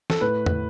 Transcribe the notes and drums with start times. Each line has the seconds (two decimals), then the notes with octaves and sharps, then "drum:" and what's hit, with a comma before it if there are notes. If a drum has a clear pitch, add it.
0.10 A4, drum: snare
0.21 A2 B4
0.46 drum: tom E2